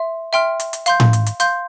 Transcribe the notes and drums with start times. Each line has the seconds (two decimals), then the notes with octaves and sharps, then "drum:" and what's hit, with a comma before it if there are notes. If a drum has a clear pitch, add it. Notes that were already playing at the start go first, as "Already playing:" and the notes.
Already playing: E5 C6
0.33 E5 G5 C6 F6
0.60 drum: hi-hat
0.73 drum: hi-hat
0.86 F5 C6 G6, drum: hi-hat
1.00 drum: tom A2
1.13 drum: hi-hat
1.26 drum: hi-hat
1.40 F5 C6 G6, drum: hi-hat